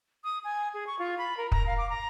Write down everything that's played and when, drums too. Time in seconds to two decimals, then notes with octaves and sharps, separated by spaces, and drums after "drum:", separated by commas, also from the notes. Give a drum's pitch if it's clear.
0.24 D#6
0.44 G#5
0.74 G#4
0.87 C#6
0.99 F4
1.18 B5
1.37 A#4
1.52 A#5, drum: kick
1.66 F5
1.78 D6
1.90 A#5